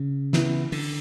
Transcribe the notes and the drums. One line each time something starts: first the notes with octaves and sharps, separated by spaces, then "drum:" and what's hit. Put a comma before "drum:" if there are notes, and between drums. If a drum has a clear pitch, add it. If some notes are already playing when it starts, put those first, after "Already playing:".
Already playing: C#3
E3 B3 E4, drum: snare
D3, drum: open hi-hat